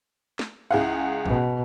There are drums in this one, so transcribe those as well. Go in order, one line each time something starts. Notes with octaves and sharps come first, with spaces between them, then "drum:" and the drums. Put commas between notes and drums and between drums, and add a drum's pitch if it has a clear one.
drum: snare
C#2 E4 G#4 F5 F#5
B2, drum: kick A1